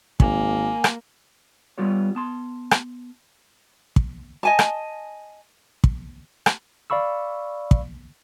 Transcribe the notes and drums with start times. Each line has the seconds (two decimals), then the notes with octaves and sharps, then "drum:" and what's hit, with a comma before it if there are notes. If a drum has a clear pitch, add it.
0.20 G#1 A#3 G#5, drum: kick
0.84 drum: rim click
1.78 G3 B3 F4 G4 C#5
2.15 B3 A5 C6
2.71 drum: rim click
3.96 drum: kick
4.43 D#5 G#5 A5
4.59 drum: rim click
5.84 drum: kick
6.46 drum: rim click
6.90 D5 F5 B5 C#6 E6
7.71 drum: kick